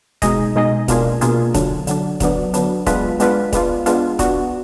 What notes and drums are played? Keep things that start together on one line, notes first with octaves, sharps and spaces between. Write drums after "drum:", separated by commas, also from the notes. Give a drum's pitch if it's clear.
B2 G#3 D#4 G#4 D#5, drum: kick, hi-hat
B2 G#3 D#4 G#4 D#5
B2 A#3 D4 F4 G#4, drum: kick, hi-hat
B2 A#3 D4 F4 G#4, drum: hi-hat
D3 F#3 D4, drum: kick, hi-hat
D3 F#3 D4, drum: hi-hat
D3 F#3 B3 D4, drum: kick, hi-hat
D3 F#3 B3 D4, drum: hi-hat
G#3 B3 D4 F4 B4, drum: kick, hi-hat
G#3 B3 D4 F4 B4, drum: hi-hat
G#3 B3 D4 F4, drum: kick, hi-hat
G#3 B3 D4 F4, drum: hi-hat
B3 D4 F#4, drum: kick, hi-hat